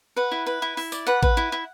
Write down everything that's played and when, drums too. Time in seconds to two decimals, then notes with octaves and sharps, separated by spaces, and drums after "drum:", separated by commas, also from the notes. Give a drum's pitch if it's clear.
0.16 B4 F#5
0.32 E4
0.46 B4
0.62 E4
0.77 E4, drum: open hi-hat
0.92 D5, drum: tambourine
1.07 B4 F#5
1.23 B4, drum: kick A1
1.37 E4
1.52 E4